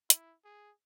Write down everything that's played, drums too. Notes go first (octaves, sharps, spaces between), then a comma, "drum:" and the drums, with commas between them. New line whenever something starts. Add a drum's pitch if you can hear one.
E4, drum: hi-hat
G#4